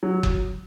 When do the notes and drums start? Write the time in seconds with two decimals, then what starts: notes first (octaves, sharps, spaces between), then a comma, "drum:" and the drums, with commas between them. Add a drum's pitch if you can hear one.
0.03 F#3
0.23 drum: kick F#1